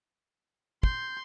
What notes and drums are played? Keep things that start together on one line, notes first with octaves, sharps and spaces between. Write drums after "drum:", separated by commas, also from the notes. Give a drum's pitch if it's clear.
C6 G6, drum: kick